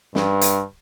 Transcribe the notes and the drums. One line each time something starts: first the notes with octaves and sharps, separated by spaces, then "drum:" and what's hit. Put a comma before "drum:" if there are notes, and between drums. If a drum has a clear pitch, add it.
G2, drum: snare
drum: hi-hat